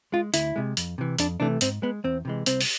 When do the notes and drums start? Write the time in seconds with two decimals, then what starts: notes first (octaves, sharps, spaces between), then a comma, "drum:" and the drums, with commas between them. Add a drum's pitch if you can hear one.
0.12 G#3 F4
0.34 D2 E4, drum: hi-hat
0.56 C3 G#3
0.77 F2, drum: hi-hat
0.98 C3 E3
1.19 F2 D4, drum: hi-hat
1.40 C3 E3 A3 D4
1.61 G#2 C4, drum: hi-hat
1.82 G#3 B3
2.04 E2 C4
2.25 C3 E3 G#3
2.46 C2 C4, drum: hi-hat
2.61 drum: open hi-hat